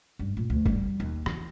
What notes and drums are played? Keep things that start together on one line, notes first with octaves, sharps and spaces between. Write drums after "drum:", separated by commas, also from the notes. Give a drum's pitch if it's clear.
G2
A#2
D2
G3, drum: kick
D#2
E3, drum: rim click